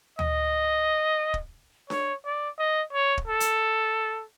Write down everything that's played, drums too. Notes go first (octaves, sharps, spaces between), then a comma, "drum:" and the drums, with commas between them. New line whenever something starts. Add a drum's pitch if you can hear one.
D#5, drum: tom D2
drum: kick
C#5, drum: snare D4
D5
D#5
C#5
drum: kick
A4
drum: hi-hat